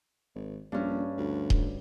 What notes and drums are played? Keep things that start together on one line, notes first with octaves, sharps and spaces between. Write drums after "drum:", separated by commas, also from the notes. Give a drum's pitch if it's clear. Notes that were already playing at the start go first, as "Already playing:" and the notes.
G#1
A#1 G2 C#4
D2
drum: kick D#1